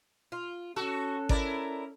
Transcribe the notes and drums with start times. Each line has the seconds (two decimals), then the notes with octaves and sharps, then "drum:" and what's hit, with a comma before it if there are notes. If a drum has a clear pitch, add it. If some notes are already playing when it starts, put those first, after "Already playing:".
0.32 F4
0.76 C#4 F#4 A4
1.29 E4 A#4 D5, drum: kick G#1